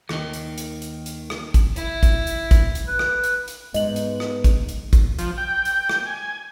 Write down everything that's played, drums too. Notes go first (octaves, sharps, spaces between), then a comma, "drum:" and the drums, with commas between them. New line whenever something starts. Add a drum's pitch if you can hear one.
D#2 D#3, drum: rim click
drum: hi-hat
drum: hi-hat
drum: hi-hat
drum: hi-hat
drum: rim click
drum: kick, hi-hat
E4, drum: hi-hat
drum: kick, hi-hat
drum: hi-hat
drum: kick, hi-hat
drum: hi-hat
B4
drum: rim click
drum: hi-hat
drum: hi-hat
G#2 B3 D#5 F#7, drum: hi-hat
drum: hi-hat
drum: rim click
drum: kick, hi-hat
drum: hi-hat
drum: kick, hi-hat
F3, drum: hi-hat
G5
drum: hi-hat
drum: rim click
G#5